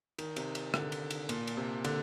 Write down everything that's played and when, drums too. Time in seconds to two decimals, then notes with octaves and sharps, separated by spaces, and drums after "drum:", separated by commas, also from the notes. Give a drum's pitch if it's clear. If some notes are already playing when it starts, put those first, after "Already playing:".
0.18 D#3, drum: cymbal
0.36 C3, drum: cymbal
0.55 drum: cymbal
0.74 D3, drum: rim click
0.92 drum: cymbal
1.10 drum: cymbal
1.29 A#2, drum: cymbal
1.47 drum: cymbal
1.57 C3
1.84 D3, drum: cymbal